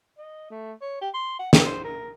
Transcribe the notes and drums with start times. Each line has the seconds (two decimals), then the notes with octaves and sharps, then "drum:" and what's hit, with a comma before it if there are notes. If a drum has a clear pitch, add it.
0.18 D#5
0.51 A3
0.81 C#5
1.01 G4
1.14 C6
1.39 F#5
1.53 G5, drum: snare
1.65 C5
1.85 A#4